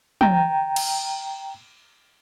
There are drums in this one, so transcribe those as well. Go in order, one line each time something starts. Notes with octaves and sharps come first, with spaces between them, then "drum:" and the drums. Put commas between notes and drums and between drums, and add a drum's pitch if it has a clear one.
G5 A#5, drum: tom
drum: cymbal